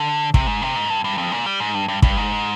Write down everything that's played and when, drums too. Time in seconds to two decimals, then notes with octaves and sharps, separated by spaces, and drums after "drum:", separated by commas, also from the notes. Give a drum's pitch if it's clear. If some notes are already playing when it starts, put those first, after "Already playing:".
Already playing: D3
0.34 C3, drum: kick
0.47 G#2
0.62 C3
0.76 G#2
0.90 G2
1.04 G2
1.18 F2
1.32 A#2
1.46 G3
1.60 G#2
1.74 G2
1.88 G2
2.02 G2, drum: kick
2.17 G#2